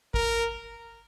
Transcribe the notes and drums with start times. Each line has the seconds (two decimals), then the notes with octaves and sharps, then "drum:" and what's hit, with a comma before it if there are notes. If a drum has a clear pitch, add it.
0.14 A#4, drum: kick